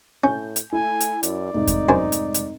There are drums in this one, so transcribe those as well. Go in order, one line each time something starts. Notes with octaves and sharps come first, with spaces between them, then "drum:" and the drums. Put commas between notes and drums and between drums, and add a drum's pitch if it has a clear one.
A2 C#4 G6
drum: hi-hat
A3 E4 G#5
drum: hi-hat
F#2 D5, drum: hi-hat
F1 G#2 D#4
drum: kick E2, hi-hat
F#2 C5 G#5
drum: hi-hat
drum: hi-hat